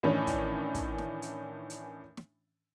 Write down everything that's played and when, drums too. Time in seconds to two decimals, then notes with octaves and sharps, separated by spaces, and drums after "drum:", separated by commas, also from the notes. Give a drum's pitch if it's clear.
0.03 A2 D#3 E3 C#4 D4
0.27 drum: kick, hi-hat
0.75 drum: kick, hi-hat
0.98 drum: snare
1.22 drum: hi-hat
1.70 drum: hi-hat
2.17 drum: snare